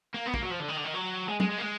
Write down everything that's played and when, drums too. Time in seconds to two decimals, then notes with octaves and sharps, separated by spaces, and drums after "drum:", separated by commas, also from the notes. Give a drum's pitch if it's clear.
0.14 A#3
0.26 B3
0.34 A#3, drum: kick
0.42 F#3
0.51 F3
0.60 D3
0.69 D#3
0.77 D3
0.85 D#3
0.94 F#3
1.28 G#3
1.40 G#3, drum: tom F#3
1.50 G#3
1.58 A#3
1.62 G#3